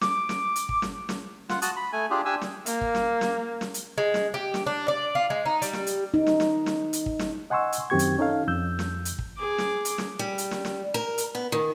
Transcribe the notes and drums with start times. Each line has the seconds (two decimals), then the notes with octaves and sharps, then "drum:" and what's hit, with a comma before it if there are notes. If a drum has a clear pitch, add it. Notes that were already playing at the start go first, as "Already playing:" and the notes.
0.01 D6, drum: snare
0.29 drum: snare
0.56 drum: hi-hat
0.69 drum: kick
0.82 drum: snare
1.09 drum: snare
1.49 F4 F#5, drum: snare
1.62 F#4 A5 D#6 F#6, drum: hi-hat
1.76 B5
1.93 A3 G#5
2.10 D4 F4 G4 G#4
2.25 D4 G4 G#5 E6
2.41 drum: snare
2.66 A#3, drum: hi-hat
2.81 drum: kick
2.95 drum: snare
3.21 drum: snare
3.61 drum: snare
3.74 drum: hi-hat
3.98 G#3
4.14 drum: snare
4.34 G4
4.54 drum: snare
4.66 D4
4.88 D5
5.15 F4
5.30 G#3
5.46 D#4
5.62 G3, drum: hi-hat
5.73 drum: snare
5.87 drum: hi-hat
6.14 D#4
6.26 drum: snare
6.40 drum: snare
6.66 drum: snare
6.93 drum: hi-hat
7.06 drum: kick
7.19 drum: snare
7.50 D#5 F#5 G#5 C6 C#6 E6
7.72 drum: hi-hat
7.90 F#2 D#3 C4 G4 C#6 G#6
7.99 drum: hi-hat
8.19 C#4 D#4 A4 F5
8.48 F2 E6 G6
8.79 drum: snare
9.05 drum: hi-hat
9.19 drum: kick
9.38 G#4 D6
9.58 drum: snare
9.85 drum: hi-hat
9.98 drum: snare
10.19 G3
10.38 drum: hi-hat
10.51 drum: snare
10.65 drum: snare
10.94 A#4
11.18 drum: hi-hat
11.35 B3
11.52 D#3